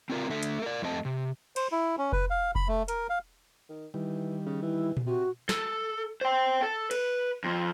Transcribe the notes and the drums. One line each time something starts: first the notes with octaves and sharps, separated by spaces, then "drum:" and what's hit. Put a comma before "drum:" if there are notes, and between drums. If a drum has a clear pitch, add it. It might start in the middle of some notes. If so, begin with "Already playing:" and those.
C4 D4 F4 A#4 D5 A#5
D3 A3 E5
drum: hi-hat
A#4 D5
F2 A3 C4 D#5 A5
C3
C5, drum: cymbal
E4
C#4
B4, drum: kick F1
F5
B5, drum: kick F1
A3
A#4, drum: hi-hat
F5
D#3
D#3 E3 G3
C#3
E3 E4
drum: tom A#2
C3 F#4
A4, drum: snare
C5 G5
A4
B4, drum: cymbal
F2 F3